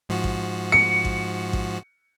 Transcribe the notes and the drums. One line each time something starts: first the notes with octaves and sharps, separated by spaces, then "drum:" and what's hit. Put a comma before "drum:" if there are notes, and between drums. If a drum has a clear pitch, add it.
G#2 F3 F#4
drum: kick A1
C#7
drum: kick A1
drum: kick A1